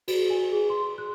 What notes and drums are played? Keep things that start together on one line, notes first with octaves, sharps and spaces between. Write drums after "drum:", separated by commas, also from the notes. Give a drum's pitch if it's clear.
F#4, drum: cymbal
G#5
G#4
C6
F#6